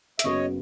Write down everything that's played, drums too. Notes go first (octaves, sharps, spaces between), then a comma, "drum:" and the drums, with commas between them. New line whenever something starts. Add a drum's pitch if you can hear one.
E5, drum: hi-hat
F#1 F#2 C#3 F#3 B3 C#5 D#5